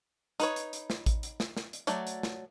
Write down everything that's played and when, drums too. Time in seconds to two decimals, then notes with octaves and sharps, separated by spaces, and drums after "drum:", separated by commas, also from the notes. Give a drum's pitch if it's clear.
0.40 D#4 B4 C#5, drum: hi-hat
0.56 drum: hi-hat
0.73 drum: hi-hat
0.90 drum: snare
1.06 drum: kick A1, hi-hat
1.23 drum: hi-hat
1.40 drum: snare
1.57 drum: snare
1.73 drum: hi-hat
1.87 F#3 A3 D5, drum: hi-hat
2.07 drum: hi-hat
2.23 drum: snare